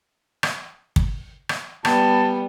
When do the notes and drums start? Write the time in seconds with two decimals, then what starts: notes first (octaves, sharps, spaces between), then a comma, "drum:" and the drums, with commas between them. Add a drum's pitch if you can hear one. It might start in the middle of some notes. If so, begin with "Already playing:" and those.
0.43 drum: rim click
0.96 drum: kick
1.49 drum: rim click
1.85 G3 B3 A5, drum: rim click